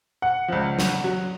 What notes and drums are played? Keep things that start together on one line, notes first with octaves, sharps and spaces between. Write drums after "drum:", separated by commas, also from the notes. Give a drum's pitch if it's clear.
F#5
C#2 F3
drum: snare
F#3